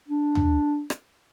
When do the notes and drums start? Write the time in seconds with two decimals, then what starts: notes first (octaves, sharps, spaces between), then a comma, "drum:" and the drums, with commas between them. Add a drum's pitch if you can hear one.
0.08 D4
0.35 drum: tom
0.90 drum: rim click